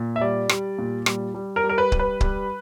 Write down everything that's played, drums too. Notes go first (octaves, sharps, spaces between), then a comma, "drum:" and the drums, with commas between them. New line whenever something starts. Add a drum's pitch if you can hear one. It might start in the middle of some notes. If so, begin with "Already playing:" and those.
Already playing: A#2
E5
G3 D5
G3, drum: rim click
A#2
G3, drum: rim click
G3
A#4
G3
A#4
B4
G3, drum: kick C#1
B4
G3, drum: kick C#1